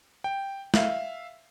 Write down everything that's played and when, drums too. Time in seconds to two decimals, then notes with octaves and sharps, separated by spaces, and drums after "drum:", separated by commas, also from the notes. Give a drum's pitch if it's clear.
0.24 G5
0.74 E5 F5, drum: snare